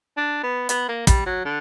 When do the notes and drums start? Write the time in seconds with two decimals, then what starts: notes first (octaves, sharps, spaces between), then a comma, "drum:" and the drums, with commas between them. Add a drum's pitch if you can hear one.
0.17 D4
0.43 B3
0.69 B3, drum: hi-hat
0.88 A#3
1.07 G3, drum: kick, hi-hat
1.26 F#3
1.45 D3